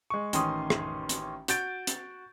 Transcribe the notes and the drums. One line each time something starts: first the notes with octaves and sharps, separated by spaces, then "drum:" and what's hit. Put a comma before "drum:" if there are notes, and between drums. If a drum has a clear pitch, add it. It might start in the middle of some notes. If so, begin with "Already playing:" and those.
G#3 C#6
A1 D#3 C#4 C6 D#6, drum: hi-hat
drum: rim click
drum: hi-hat
F#4 G6 A6 D7, drum: hi-hat
drum: hi-hat